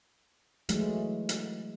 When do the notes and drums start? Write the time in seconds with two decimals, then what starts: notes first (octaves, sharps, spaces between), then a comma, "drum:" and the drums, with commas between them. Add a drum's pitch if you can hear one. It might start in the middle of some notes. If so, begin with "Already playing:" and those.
0.69 E3 F#3 G#3 A3 E4, drum: hi-hat
1.29 drum: hi-hat